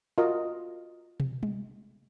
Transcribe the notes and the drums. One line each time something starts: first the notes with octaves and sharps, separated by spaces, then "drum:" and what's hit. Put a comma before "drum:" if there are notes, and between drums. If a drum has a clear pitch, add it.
F4 F#4 A#4 D#5
drum: tom
drum: tom G3